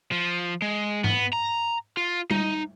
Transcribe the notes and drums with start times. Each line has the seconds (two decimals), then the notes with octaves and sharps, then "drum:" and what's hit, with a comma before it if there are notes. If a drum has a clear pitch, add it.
0.12 F3
0.62 G#3
1.04 B3, drum: tom G#2
1.33 A#5
1.97 F4
2.31 D#4, drum: tom G3